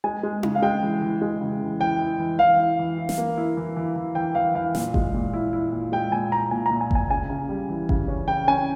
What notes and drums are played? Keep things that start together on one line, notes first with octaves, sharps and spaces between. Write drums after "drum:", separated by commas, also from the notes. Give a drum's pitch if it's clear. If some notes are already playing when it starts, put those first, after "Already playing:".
G#3 G#5
G#3
C#3, drum: tom D#4
F5
G#3 G5
E3
E3
G#3
C#3
E3
E3 G5
E4
E3
E3 F5
E4
E3
E4
drum: snare
A#3
E4
E3
E3
E3
E3 G5
E3 F5
E3 F5
A#2, drum: snare
G#3, drum: kick G1
A#2
E4
E4
A#2
G#3 G5
A#2 G#5
A#2 A#5
A#2 G#5
A#2 A#5
G#5
A#2 G#5, drum: kick G1
C#3 G#5
C#3
G3
E3
C#3, drum: kick G1
C#4
C#3 G5
C#4 G#5